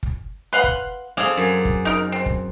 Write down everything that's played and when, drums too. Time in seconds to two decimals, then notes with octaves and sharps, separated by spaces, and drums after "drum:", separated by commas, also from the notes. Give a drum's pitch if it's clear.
0.03 drum: kick
0.53 B4 F5 F#5 C6
0.64 drum: kick
1.17 C4 G#4 A4 D5 F5
1.37 F#2
1.65 drum: kick
1.85 D#4 A#4
2.12 C4
2.26 drum: kick